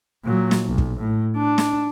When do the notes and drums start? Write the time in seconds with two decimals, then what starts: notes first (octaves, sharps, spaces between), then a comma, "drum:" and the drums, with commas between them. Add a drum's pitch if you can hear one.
0.24 A#2 F#3
0.51 drum: snare
0.65 B1
0.78 drum: kick
1.00 A2
1.37 D4
1.58 drum: snare